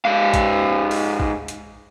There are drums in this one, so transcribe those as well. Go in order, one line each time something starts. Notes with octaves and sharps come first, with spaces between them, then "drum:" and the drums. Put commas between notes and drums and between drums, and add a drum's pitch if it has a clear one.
G#2 F5
drum: kick, hi-hat
drum: open hi-hat
drum: kick
drum: hi-hat